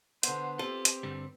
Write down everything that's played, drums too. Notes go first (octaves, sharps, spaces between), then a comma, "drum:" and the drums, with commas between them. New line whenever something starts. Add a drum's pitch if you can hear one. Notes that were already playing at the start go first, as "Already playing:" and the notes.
D3 B3 C5, drum: hi-hat
C4 F4 G4 A4
drum: hi-hat
G2 D3 G3